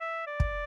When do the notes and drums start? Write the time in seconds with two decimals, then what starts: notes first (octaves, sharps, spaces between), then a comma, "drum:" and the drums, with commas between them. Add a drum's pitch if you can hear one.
0.01 E5
0.27 D5
0.40 drum: kick